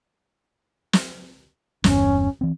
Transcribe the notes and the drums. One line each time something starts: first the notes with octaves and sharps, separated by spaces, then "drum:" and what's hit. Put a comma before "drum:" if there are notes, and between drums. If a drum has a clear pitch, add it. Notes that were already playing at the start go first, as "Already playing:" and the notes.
drum: snare
G1 E2 G2 C#4, drum: snare
E3 C4